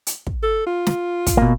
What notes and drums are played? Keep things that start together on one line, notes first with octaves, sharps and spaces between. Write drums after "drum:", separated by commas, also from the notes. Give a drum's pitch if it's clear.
drum: hi-hat
drum: kick
A4
F4
drum: snare
drum: kick, hi-hat
B2 A#3